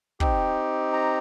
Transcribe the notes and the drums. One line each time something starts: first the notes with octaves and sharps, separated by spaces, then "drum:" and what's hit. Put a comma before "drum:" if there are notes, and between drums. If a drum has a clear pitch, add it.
C4 D#4 G4, drum: kick
A#5